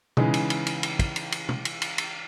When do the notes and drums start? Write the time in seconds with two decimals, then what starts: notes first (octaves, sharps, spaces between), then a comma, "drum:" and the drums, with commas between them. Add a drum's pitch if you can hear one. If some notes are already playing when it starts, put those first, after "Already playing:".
0.17 C#3 E3 G#3 D#4, drum: tom B2
0.34 drum: cymbal
0.50 drum: cymbal
0.66 drum: cymbal
0.83 drum: cymbal
0.99 drum: kick, cymbal
1.16 drum: cymbal
1.32 drum: cymbal
1.49 drum: tom B2
1.65 drum: cymbal
1.82 drum: cymbal
1.98 drum: cymbal